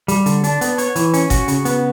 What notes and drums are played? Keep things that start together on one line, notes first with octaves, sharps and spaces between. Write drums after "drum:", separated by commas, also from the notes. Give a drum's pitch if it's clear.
G3, drum: hi-hat
D3, drum: hi-hat
D4, drum: hi-hat
B3, drum: hi-hat
C#5, drum: hi-hat
E3, drum: hi-hat
C#4, drum: hi-hat
F#4, drum: kick G1, hi-hat
C#3, drum: hi-hat
B3, drum: hi-hat